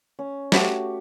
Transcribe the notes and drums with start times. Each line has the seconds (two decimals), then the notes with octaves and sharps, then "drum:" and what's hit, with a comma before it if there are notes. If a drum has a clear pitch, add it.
0.19 C#4
0.52 A3 F#4 G4, drum: snare